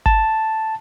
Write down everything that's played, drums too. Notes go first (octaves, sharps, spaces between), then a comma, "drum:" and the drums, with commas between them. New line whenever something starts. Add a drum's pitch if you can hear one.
A5, drum: kick G1